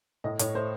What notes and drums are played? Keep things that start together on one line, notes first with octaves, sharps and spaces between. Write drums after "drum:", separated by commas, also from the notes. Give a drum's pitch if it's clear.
A2 D#5
A2 C#5, drum: hi-hat
A3 C5